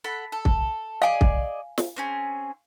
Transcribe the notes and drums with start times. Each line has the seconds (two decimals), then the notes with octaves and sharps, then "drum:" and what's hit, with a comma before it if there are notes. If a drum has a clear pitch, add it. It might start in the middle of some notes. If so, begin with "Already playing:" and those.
0.04 A4 F#5 B5
0.32 A4
0.45 drum: kick
1.02 G#4 D5 D#5 F5 G#5
1.21 drum: kick
1.78 drum: snare
1.96 C4 C#4 G#4